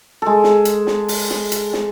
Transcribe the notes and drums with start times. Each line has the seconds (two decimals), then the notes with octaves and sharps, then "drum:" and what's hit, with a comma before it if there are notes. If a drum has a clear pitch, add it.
0.22 G#3 A4
0.44 drum: snare
0.65 drum: hi-hat
0.87 drum: snare
1.08 drum: open hi-hat
1.30 drum: snare
1.52 drum: hi-hat
1.73 drum: snare